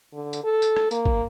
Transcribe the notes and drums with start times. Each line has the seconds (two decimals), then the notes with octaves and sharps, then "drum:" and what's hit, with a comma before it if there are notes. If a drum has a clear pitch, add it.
0.13 D3
0.33 drum: tambourine
0.44 A4
0.62 drum: tambourine
0.76 drum: rim click
0.91 A#3, drum: tambourine
1.05 drum: kick G1